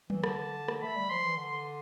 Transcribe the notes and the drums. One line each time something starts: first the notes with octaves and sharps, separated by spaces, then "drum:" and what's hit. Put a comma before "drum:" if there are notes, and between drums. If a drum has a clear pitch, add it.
E3, drum: tom F#3
D3 A5, drum: rim click
drum: rim click
A3 B5
G3
F3 C6
E3
D3 C6